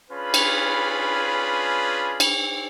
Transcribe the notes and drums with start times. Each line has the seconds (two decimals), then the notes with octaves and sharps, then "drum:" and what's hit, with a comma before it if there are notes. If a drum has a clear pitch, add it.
0.11 C#4 D4 F4 G#4 B4 B5
0.34 drum: cymbal
2.20 drum: cymbal